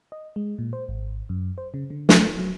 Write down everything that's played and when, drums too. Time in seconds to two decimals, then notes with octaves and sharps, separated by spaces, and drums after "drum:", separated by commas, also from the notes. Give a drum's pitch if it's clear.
0.12 D#5
0.36 G#3
0.58 A#2
0.73 C5
0.89 G#1
1.29 F#2
1.58 C5
1.74 C#3
1.90 D3
2.09 A3, drum: snare
2.39 F#3